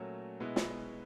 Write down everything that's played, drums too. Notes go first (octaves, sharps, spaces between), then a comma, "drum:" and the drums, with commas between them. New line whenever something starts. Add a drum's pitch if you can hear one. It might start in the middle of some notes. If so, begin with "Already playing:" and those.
Already playing: A#2 F#3 A3 C#4 F#4
B2 G#3 B3 E4
drum: snare